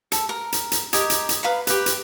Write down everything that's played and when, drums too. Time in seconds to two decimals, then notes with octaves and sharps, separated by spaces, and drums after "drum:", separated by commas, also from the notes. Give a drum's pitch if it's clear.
0.12 A4, drum: hi-hat
0.29 A#4
0.52 drum: hi-hat
0.72 drum: hi-hat
0.93 G4 A#4 D#5 G#5, drum: hi-hat
1.10 drum: hi-hat
1.29 drum: hi-hat
1.43 B4 F5 A#5 B5
1.67 G4 B4, drum: hi-hat
1.86 drum: hi-hat